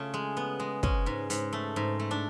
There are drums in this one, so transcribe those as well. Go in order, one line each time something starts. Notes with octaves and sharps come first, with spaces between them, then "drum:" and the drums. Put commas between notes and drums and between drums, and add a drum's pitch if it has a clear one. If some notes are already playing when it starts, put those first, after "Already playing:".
Already playing: C#3 A3 F4
G#3
B3
G#3
G#3 C#4, drum: kick
G#2
G#2, drum: hi-hat
A3
G#2
A3
D4